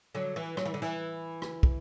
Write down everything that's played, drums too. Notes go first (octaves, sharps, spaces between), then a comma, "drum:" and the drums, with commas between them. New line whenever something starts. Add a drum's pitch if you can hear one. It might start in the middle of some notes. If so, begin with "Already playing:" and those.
D3 F#3
E3
F#3, drum: rim click
E3
D3
E3
drum: rim click
drum: kick